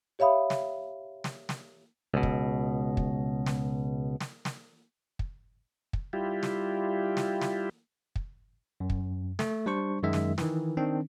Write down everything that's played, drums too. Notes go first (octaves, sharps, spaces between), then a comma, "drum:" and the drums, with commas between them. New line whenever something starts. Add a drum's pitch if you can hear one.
G4 C#5 E5 F5 B5 D#6
drum: snare
drum: snare
drum: snare
C#2 B2
drum: kick
drum: kick
drum: snare
drum: snare
drum: snare
drum: kick
drum: kick
G3 E4 F4 G4
drum: snare
drum: snare
drum: snare
drum: kick
F#2
drum: kick
A3, drum: snare
G3 D4 C5 C#6
F#2 D#3 G#3 E5
drum: snare
D#3 E3, drum: snare
D#3 C4 D4